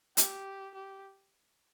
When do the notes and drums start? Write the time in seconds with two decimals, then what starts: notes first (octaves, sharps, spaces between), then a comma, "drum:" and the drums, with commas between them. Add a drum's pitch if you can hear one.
0.17 G4, drum: hi-hat
0.75 G4